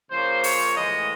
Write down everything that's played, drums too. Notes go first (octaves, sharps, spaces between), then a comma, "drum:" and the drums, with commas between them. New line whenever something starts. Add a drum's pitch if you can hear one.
C#3 F3 A#3 C#4 C5
C#5, drum: open hi-hat
A2 E3 G#3 D#5